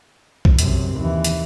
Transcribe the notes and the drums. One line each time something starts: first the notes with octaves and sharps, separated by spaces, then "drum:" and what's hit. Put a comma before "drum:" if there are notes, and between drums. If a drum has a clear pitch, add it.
drum: kick
F#2 C3, drum: hi-hat
D#2 E3
drum: hi-hat